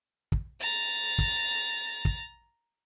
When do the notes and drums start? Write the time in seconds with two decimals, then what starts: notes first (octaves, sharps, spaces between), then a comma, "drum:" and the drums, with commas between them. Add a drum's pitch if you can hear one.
0.32 drum: kick
0.61 A#5 A6
1.18 drum: kick
2.05 drum: kick